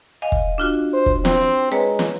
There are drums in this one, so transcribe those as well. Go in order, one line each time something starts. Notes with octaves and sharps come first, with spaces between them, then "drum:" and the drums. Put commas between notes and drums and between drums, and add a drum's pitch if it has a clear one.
D#5 F5 G#5
drum: kick
D4 F4 F#4
C5
drum: kick
C4, drum: snare
G#3 B4 C#5 A#5
drum: snare